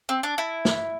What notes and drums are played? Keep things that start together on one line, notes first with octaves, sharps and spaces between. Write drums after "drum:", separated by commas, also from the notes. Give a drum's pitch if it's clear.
C4
D4
E4
drum: snare